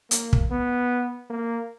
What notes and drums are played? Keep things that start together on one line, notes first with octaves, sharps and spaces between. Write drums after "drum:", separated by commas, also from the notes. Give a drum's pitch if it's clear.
A#3, drum: hi-hat
drum: kick
B3
A#3